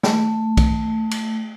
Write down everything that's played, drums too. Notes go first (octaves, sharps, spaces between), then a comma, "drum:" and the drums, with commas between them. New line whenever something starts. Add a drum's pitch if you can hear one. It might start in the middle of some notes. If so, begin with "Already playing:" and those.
A3, drum: snare
drum: kick B1, cymbal
drum: cymbal